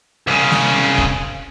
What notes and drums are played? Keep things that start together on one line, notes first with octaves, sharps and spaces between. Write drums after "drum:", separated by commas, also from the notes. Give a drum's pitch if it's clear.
C2 C#3
drum: snare G#3
drum: kick